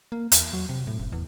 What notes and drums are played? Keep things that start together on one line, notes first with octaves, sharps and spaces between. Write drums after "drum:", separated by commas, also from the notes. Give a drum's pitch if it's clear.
A#3
E2, drum: hi-hat
F#3
C3
A2
F#1
E2